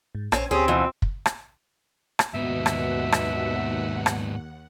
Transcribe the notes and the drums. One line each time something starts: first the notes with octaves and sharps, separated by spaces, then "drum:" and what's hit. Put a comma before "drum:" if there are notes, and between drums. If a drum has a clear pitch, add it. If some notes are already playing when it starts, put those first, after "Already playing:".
G#2
A#1 C4 C#4, drum: rim click
D2 C4 C#4 G4 G#4 D#6
F2 B2 E3
drum: kick
drum: rim click
drum: rim click
D#2 G#2 B2 B3 E5 F#5
drum: rim click
drum: rim click
drum: rim click